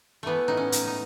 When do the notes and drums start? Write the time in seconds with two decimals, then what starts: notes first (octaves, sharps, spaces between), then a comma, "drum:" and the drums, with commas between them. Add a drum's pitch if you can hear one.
0.23 E3 A3 B3
0.48 A2 D#4
0.57 C#4
0.72 A2, drum: hi-hat
0.87 D#4